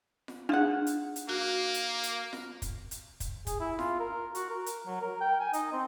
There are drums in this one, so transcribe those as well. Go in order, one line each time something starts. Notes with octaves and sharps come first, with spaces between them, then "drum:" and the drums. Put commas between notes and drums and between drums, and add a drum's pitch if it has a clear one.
drum: snare F4
D4 D#4 F4 G#4 F#5
drum: hi-hat
drum: hi-hat
A#3 F#4
drum: hi-hat
drum: hi-hat
drum: snare F4
drum: kick, hi-hat
drum: hi-hat
drum: kick, hi-hat
G#4, drum: kick, hi-hat
E4
F4, drum: snare F4
A#4
F#4, drum: hi-hat
A#4
drum: hi-hat
F#3
A#4
G5
G#5
D#4, drum: hi-hat
C4